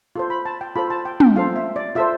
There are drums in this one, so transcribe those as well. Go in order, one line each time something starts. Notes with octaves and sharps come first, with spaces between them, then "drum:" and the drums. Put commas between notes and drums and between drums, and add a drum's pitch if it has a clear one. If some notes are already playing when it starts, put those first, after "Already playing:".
F4 A4 C5
B5
A5
G5
F4 A4 C5 B5
A5
G5
G5, drum: tom
F4 A4 C5 F5
E5
D5
F4 A4 C5 E5